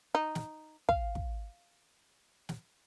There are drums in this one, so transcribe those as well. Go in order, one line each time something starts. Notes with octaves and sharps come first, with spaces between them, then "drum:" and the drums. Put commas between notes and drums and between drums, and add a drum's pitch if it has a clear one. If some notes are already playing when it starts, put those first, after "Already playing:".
D#4
drum: snare
F5, drum: kick
drum: kick
drum: snare